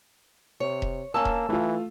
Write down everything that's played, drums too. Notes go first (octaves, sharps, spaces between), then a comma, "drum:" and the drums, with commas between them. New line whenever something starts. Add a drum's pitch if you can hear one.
C3 C#5
drum: kick E1
A#3 C#4 C#5 A5 E6
drum: kick E1
E3 A3 F4